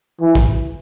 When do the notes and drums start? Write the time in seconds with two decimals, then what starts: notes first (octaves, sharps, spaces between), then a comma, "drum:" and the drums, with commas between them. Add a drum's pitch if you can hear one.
0.21 E3
0.35 drum: kick